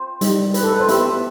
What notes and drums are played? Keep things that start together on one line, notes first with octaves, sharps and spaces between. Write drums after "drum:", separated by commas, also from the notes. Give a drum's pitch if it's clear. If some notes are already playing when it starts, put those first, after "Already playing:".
Already playing: C5
G3 D#4 G4, drum: hi-hat
B4, drum: hi-hat
A4
B4
C5
B3 E4 G4 E5, drum: hi-hat